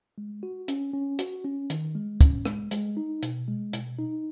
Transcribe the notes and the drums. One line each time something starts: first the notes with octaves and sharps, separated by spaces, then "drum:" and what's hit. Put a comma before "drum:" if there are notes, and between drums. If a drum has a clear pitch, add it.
G#3
F#4
C#4, drum: hi-hat
C#4
F#4, drum: hi-hat
C#4
D#3, drum: hi-hat
G#3
C#4, drum: kick, hi-hat
G#3, drum: rim click
G#3, drum: hi-hat
D#4
B2, drum: hi-hat
G#3
B2, drum: hi-hat
D#4